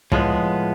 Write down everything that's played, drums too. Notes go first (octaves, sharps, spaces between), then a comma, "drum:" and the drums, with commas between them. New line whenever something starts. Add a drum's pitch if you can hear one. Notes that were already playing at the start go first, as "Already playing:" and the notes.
A2 F3 G#3 B3, drum: kick